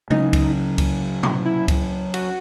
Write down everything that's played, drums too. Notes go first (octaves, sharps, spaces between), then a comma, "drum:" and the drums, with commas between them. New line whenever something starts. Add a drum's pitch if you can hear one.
C#3 F#3 C#4 D#4, drum: tom G#3
drum: kick C#2, cymbal
drum: kick C#2, cymbal
drum: tom
E4
drum: kick C#2, cymbal
F#4, drum: cymbal